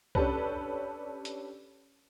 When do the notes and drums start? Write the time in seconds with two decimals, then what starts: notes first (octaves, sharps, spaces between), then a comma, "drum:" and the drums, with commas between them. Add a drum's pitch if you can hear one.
0.15 C#4 D4 G4 A4 B4, drum: kick C2
1.25 drum: hi-hat